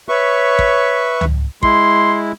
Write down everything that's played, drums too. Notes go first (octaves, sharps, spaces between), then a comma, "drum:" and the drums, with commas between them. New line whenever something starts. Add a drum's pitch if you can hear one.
B4 C#5 E5 C#6
drum: kick
drum: tom C#2
G#3 E4 C6, drum: kick